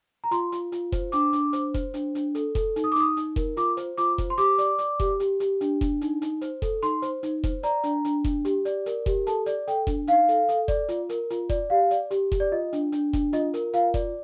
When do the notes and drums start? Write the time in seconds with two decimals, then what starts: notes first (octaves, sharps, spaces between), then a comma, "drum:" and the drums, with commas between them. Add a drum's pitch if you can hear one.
0.24 A#5
0.31 F4 C6, drum: hi-hat
0.52 F4, drum: hi-hat
0.72 F4, drum: hi-hat
0.92 C5, drum: kick F1, hi-hat
1.12 D4 D6, drum: hi-hat
1.33 D4, drum: hi-hat
1.53 C5, drum: hi-hat
1.74 C5, drum: kick F1, hi-hat
1.94 D4, drum: hi-hat
2.15 D4, drum: hi-hat
2.35 A4, drum: hi-hat
2.55 A4, drum: kick F1, hi-hat
2.76 D#4, drum: hi-hat
2.84 D#6
2.92 D6
2.96 D#4 D#6, drum: hi-hat
3.17 D#4, drum: hi-hat
3.36 A#4, drum: kick F1, hi-hat
3.57 F4 D6, drum: hi-hat
3.77 C5, drum: hi-hat
3.98 F4 D6, drum: hi-hat
4.18 C5, drum: kick F1, hi-hat
4.30 C6
4.38 G4 D6, drum: hi-hat
4.58 D5, drum: hi-hat
4.78 D5, drum: hi-hat
5.00 G4, drum: kick F1, hi-hat
5.20 G4, drum: hi-hat
5.40 G4, drum: hi-hat
5.61 D4, drum: hi-hat
5.81 D4, drum: kick F1, hi-hat
6.01 D#4, drum: hi-hat
6.22 D#4, drum: hi-hat
6.41 C5, drum: hi-hat
6.62 A4, drum: kick F1, hi-hat
6.83 D#4 C6, drum: hi-hat
7.02 C5, drum: hi-hat
7.23 D#4, drum: hi-hat
7.44 C5, drum: kick F1, hi-hat
7.63 D5 A#5, drum: hi-hat
7.83 D4, drum: hi-hat
8.05 D4, drum: hi-hat
8.24 D4, drum: kick F1, hi-hat
8.45 G4, drum: hi-hat
8.65 D5, drum: hi-hat
8.86 A#4, drum: hi-hat
9.06 G4, drum: kick F1, hi-hat
9.27 A4 A5, drum: hi-hat
9.46 D5, drum: hi-hat
9.68 A4 G5, drum: hi-hat
9.87 D4, drum: kick F1, hi-hat
10.07 D#4 F5, drum: hi-hat
10.28 A4, drum: hi-hat
10.49 A4, drum: hi-hat
10.68 D5, drum: kick F1, hi-hat
10.89 F4, drum: hi-hat
11.09 A#4, drum: hi-hat
11.30 F4, drum: hi-hat
11.49 D5, drum: kick F1, hi-hat
11.70 G4 F5
11.91 D5, drum: hi-hat
12.11 G4, drum: hi-hat
12.32 G4, drum: kick F1, hi-hat
12.40 D5
12.52 F4 D#5
12.73 D4, drum: hi-hat
12.92 D4, drum: hi-hat
13.13 D4, drum: kick F1, hi-hat
13.33 F4 D#5, drum: hi-hat
13.54 A#4, drum: hi-hat
13.73 F4 F5, drum: hi-hat
13.94 D5, drum: kick F1, hi-hat